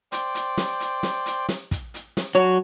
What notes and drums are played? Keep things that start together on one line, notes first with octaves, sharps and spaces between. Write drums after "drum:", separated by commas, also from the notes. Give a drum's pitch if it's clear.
C5 D5 G5, drum: hi-hat
drum: hi-hat
drum: snare
drum: hi-hat
drum: snare
drum: hi-hat
drum: snare
drum: kick, hi-hat
drum: hi-hat
drum: snare
F#3 D4 C#5